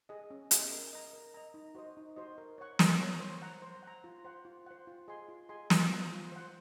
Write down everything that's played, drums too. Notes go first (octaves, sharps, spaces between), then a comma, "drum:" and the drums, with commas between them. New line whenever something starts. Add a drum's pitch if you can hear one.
G#4 D#5
C#4
G#4 D#5, drum: hi-hat
A#4
D#5 A#5
A#4
D#5 A#5
D#4
F#4 C5 D#5
D#4
F#4 C5 D#5
A#4
C#5 F#5 C#6
A#4, drum: snare
C#5 F#5 C#6
C5
F#5 A#5
C5
F#5 A#5
F4
C5 F#5
F4
C5 F#5
F4
G#4 D#5 G#5 C6
F4
G#4 D#5 G#5 C6
F4, drum: snare
C5 F#5
F4
C5 F#5